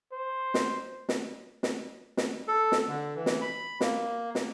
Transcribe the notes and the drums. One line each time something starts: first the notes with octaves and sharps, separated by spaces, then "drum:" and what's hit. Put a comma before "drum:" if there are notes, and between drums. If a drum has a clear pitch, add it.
C5
drum: snare
drum: snare
drum: snare
drum: snare
A4
drum: snare
D3
E3
drum: snare
B5
A#3, drum: snare
drum: snare